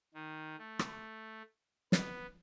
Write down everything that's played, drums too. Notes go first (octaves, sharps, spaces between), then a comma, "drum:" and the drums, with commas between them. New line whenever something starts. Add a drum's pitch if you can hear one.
D#3
A3
drum: rim click
B3, drum: snare